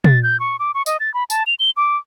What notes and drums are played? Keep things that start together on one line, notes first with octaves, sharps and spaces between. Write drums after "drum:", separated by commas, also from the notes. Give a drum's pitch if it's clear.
A6, drum: tom
G6
C#6
D6
C#6
D#5, drum: tambourine
A6
B5
A5, drum: tambourine
F7
G7
D6